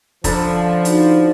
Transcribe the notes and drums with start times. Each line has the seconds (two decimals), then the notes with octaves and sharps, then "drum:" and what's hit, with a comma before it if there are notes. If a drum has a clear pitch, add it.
0.24 D3 F3 A4 B5, drum: kick, hi-hat
0.85 D#4 F#4, drum: hi-hat